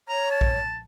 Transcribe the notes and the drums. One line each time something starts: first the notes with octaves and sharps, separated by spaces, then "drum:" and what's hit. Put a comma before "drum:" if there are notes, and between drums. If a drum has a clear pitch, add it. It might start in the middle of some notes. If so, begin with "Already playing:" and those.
C#5 A#5
A5
drum: kick A#1